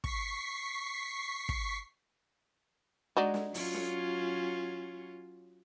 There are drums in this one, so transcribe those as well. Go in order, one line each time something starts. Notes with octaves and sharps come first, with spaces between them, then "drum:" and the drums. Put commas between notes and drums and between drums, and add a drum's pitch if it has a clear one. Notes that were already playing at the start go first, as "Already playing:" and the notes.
C#6 B6 C7, drum: kick
drum: kick
G#3 D4 D#4 F#4
drum: snare
F#3 C#4 F4, drum: open hi-hat
drum: snare